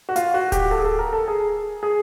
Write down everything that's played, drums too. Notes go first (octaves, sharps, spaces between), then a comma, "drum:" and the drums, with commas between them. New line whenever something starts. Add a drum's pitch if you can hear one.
F#4
F4, drum: hi-hat
F#4
G4, drum: kick D1, hi-hat
A4
G#4
A4
A#4
A4
G#4
G#4